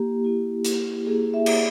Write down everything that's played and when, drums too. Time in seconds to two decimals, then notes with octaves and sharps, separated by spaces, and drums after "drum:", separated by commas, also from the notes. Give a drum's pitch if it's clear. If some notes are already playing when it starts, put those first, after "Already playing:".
Already playing: A#3 E4 G4
0.24 A#3 E4
0.65 drum: hi-hat
1.06 A#3 E4 G#4
1.34 E5
1.46 drum: cymbal